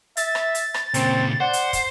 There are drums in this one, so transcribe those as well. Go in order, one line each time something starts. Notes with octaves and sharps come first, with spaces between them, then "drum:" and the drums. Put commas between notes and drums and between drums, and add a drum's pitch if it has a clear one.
E5 A6, drum: hi-hat
drum: rim click
drum: hi-hat
drum: rim click
A#2 C#3 C4, drum: hi-hat
C5 D5 F#5
drum: hi-hat
drum: kick, hi-hat